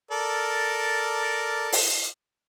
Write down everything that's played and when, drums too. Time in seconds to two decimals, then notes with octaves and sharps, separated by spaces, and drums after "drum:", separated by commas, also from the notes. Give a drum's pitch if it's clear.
0.11 A4 A#4 D5
1.72 drum: open hi-hat